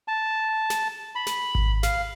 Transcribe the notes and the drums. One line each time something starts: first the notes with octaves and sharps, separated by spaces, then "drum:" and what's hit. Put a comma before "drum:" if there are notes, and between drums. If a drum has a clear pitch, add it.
A5
drum: snare
B5
drum: snare
drum: kick G#1
F5, drum: snare